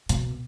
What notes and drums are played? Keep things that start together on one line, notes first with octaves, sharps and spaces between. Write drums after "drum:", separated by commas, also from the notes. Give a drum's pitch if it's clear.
B2, drum: hi-hat